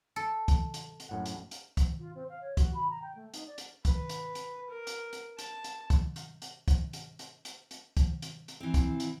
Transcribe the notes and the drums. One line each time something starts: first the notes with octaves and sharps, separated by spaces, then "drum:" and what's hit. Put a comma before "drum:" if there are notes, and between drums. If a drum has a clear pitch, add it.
A4
drum: kick, hi-hat
drum: hi-hat
drum: hi-hat
F#2 A2 F#5
drum: hi-hat
drum: hi-hat
drum: kick, hi-hat
F4
C4
F5
C#5
F#4, drum: kick, hi-hat
B5
A#5
G5
A3
D#4, drum: hi-hat
D5
drum: hi-hat
B4, drum: kick, hi-hat
drum: hi-hat
drum: hi-hat
A#4
drum: hi-hat
drum: hi-hat
A5, drum: hi-hat
drum: hi-hat
drum: kick, hi-hat
drum: hi-hat
drum: hi-hat
drum: kick, hi-hat
drum: hi-hat
drum: hi-hat
drum: hi-hat
drum: hi-hat
drum: kick, hi-hat
drum: hi-hat
drum: hi-hat
E3 C4
drum: kick, hi-hat
drum: hi-hat